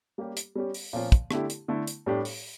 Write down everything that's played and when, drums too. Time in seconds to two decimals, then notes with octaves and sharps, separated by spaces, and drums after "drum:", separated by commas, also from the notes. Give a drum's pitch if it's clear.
0.18 G3 A#3 C#4 G4
0.37 drum: hi-hat
0.55 G3 C#4 G4
0.74 drum: open hi-hat
0.93 A#2 F3 C#4 F4
1.12 drum: kick, hi-hat
1.31 D3 A3 E4 G4, drum: rim click
1.50 drum: hi-hat
1.68 D3 A3 E4
1.87 drum: hi-hat
2.06 A2 G3 D4 G4
2.25 drum: open hi-hat